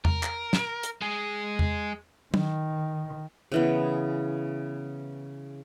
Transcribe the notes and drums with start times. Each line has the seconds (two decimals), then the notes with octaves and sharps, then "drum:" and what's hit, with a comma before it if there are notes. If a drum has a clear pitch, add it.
0.05 A#4, drum: tom E2
0.23 drum: clap
0.53 drum: snare
0.83 drum: hi-hat
1.01 G#3 G#4
1.59 drum: tom E2
2.34 D#3, drum: tom
3.52 C#3 E3 B3